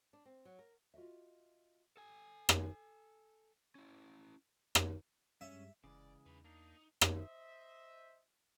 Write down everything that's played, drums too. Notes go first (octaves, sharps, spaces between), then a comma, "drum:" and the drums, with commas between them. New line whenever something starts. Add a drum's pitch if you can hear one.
D4
C4
F#3
A#4
F4 F#4 D#5 E5
A4 G#5
drum: rim click
C#4 E4
drum: rim click
G2 G3 G#3 C#4 E5
F1 C#3 E3 G#3 D5
E2 D#4 B4
A#3 D4 D#4
drum: rim click
C5 D#5 E5